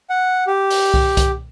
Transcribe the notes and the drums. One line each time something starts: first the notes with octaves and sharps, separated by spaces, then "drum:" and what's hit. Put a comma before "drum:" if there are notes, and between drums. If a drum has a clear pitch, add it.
F#5
G4
drum: open hi-hat
drum: kick C2
drum: kick C2, hi-hat